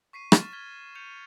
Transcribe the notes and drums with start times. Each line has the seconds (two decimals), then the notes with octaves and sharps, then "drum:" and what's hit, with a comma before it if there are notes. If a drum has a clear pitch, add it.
0.13 C#6 B6 C7 D#7
0.32 C#6 F6 A6 B6 E7, drum: rim click
0.53 F6 G#6 B6 G7
0.95 G6 C#7 D#7 F7